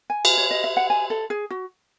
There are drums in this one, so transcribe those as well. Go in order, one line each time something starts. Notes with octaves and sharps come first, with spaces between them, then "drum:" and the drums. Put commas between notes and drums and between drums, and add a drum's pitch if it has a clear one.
G#5
drum: cymbal
C#5
D#5
E5
F#5
G#5
A4
G#4
F#4